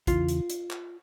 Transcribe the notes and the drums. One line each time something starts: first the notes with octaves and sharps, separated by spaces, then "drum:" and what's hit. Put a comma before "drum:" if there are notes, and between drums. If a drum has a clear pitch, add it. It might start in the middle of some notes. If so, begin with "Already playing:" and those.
E2 C#3 E3 F4, drum: kick A#1, hi-hat
drum: hi-hat
drum: hi-hat
drum: clap